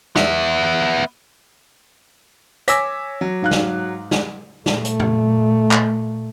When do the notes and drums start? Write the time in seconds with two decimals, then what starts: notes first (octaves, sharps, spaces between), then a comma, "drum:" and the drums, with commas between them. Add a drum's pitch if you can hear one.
0.16 B3 E5, drum: snare
2.68 C#5 G#5 D6 E6 A#6 B6, drum: hi-hat
3.21 F#3
3.42 G#2 F5 F#6
3.51 drum: snare
4.11 drum: snare
4.66 A#2 A3, drum: snare
4.85 drum: hi-hat
5.00 drum: tom F2
5.71 drum: clap